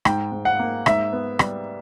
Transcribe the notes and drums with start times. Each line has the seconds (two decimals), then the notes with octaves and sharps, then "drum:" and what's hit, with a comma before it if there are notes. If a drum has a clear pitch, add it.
0.05 G#2 G5, drum: rim click
0.32 G#2
0.45 F#5
0.59 A#3
0.86 G#2 E5, drum: rim click
1.12 B3
1.39 G3, drum: rim click